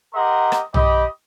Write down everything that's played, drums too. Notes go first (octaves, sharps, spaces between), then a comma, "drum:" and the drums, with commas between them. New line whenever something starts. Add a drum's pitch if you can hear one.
G4 A#4 D#5 F#5 A#5 C6
drum: rim click
G4 D#5 B5, drum: tom B1